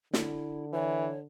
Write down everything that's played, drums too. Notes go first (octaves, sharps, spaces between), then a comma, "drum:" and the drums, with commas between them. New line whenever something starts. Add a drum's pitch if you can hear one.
D3 E4, drum: snare
E3 C#5